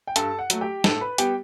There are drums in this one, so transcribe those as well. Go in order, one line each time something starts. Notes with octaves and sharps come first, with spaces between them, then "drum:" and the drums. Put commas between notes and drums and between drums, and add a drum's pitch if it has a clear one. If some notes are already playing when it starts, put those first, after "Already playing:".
G5
G2 A4 A5, drum: hi-hat
F#5
F#3 A3, drum: hi-hat
G4 G5
A2 A4 A5, drum: snare
B4 B5
G3 B3 G4 G5, drum: hi-hat